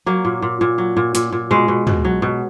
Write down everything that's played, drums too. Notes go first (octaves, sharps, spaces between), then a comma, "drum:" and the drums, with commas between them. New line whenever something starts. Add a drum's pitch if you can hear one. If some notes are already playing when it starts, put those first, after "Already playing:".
F#3 A#3
A#2
A#2
A#2
F#3
A#2
A#2, drum: hi-hat
A#2
B2 G#3
B2
B2, drum: tom
F#3
B2